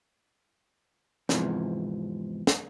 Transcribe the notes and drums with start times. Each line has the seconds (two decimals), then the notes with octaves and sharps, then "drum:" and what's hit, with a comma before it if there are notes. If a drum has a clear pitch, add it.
1.29 E2 G#2 C3 E3 F3, drum: snare
2.47 drum: snare